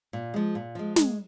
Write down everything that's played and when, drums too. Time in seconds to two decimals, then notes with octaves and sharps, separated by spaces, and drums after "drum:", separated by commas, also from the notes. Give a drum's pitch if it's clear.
0.13 A#2
0.34 F3 G#3
0.55 A#2
0.75 F3 G#3
0.96 G#3, drum: snare